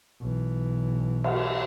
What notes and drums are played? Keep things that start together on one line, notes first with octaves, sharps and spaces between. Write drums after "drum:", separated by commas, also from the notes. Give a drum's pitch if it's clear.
B1 E3
drum: cymbal